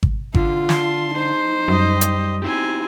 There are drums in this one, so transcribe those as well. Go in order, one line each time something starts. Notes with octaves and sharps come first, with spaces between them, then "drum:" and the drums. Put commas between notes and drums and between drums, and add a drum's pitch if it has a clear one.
drum: kick G#1
D3 F4, drum: kick G#1
A5 C6, drum: snare
D#4 C5
F#2 G3 G4 D#5
drum: hi-hat
C4 D#4 E4 G4 G#5